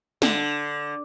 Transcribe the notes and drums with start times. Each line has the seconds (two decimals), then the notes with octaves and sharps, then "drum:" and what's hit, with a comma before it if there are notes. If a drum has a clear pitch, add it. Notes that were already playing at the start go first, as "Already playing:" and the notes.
0.22 D3, drum: snare